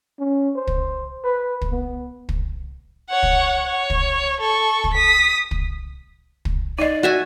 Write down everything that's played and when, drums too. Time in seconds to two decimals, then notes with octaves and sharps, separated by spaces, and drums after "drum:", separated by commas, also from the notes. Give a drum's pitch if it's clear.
0.19 C#4
0.56 C5
0.67 drum: kick
1.24 B4
1.61 drum: kick
1.71 B3
2.29 drum: kick
3.09 C#5 F#5
3.23 drum: kick
3.67 C#5
3.90 drum: kick
4.41 A4 C#6
4.84 drum: kick
4.94 D#6 B6
5.51 drum: kick
6.45 drum: kick
6.79 D#4 D5 D#5
7.03 F#4 E5 G#5